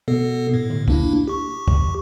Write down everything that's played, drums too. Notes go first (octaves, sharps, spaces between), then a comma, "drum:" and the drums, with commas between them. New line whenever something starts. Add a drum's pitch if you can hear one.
B2 B3 A4
A2
drum: tom D3
A#3 D4 E4, drum: kick
G4 C#6
drum: kick